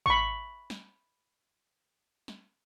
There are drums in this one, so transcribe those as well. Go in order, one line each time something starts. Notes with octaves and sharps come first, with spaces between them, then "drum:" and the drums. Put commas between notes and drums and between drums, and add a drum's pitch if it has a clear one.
B5 C#6, drum: kick
drum: snare
drum: snare